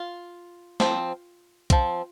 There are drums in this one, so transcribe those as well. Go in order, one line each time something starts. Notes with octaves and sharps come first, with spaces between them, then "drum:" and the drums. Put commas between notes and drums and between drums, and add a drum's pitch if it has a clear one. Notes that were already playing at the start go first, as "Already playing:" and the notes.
Already playing: F4
F3 C4, drum: snare
F3 C4, drum: kick B1, hi-hat